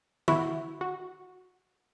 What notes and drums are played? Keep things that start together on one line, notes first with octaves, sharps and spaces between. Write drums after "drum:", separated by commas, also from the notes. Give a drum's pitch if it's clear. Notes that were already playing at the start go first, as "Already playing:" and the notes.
E4 F#4, drum: tom D3
F#4